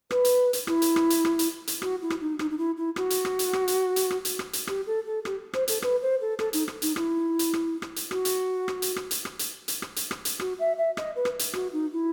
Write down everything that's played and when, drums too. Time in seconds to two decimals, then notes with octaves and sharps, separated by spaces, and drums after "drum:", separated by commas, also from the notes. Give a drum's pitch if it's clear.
0.11 B4, drum: rim click
0.25 drum: hi-hat
0.53 drum: hi-hat
0.67 E4, drum: rim click
0.82 drum: hi-hat
0.96 drum: rim click
1.10 drum: hi-hat
1.25 drum: rim click
1.39 drum: hi-hat
1.67 drum: hi-hat
1.82 F#4, drum: rim click
2.01 E4
2.10 drum: rim click
2.20 D#4
2.39 D#4, drum: rim click
2.50 D#4
2.57 E4
2.77 E4
2.96 F#4, drum: rim click
3.10 drum: hi-hat
3.25 drum: rim click
3.39 drum: hi-hat
3.53 drum: rim click
3.68 drum: hi-hat
3.96 drum: hi-hat
4.10 drum: rim click
4.25 drum: hi-hat
4.39 drum: rim click
4.53 drum: hi-hat
4.67 G4, drum: rim click
4.86 A4
5.06 A4
5.25 G4, drum: rim click
5.53 C5, drum: rim click
5.68 A4, drum: hi-hat
5.82 B4, drum: rim click
6.01 C5
6.21 A4
6.39 A4, drum: rim click
6.53 D#4, drum: hi-hat
6.68 drum: rim click
6.82 D#4, drum: hi-hat
6.96 E4, drum: rim click
7.39 drum: hi-hat
7.53 drum: rim click
7.82 drum: rim click
7.96 drum: hi-hat
8.11 F#4, drum: rim click
8.25 drum: hi-hat
8.68 drum: rim click
8.82 drum: hi-hat
8.96 drum: rim click
9.11 drum: hi-hat
9.25 drum: rim click
9.39 drum: hi-hat
9.68 drum: hi-hat
9.82 drum: rim click
9.96 drum: hi-hat
10.11 drum: rim click
10.25 drum: hi-hat
10.40 F#4, drum: rim click
10.59 E5
10.77 E5
10.97 D#5, drum: rim click
11.15 B4
11.25 drum: rim click
11.39 drum: hi-hat
11.53 F#4, drum: rim click
11.72 D#4
11.92 E4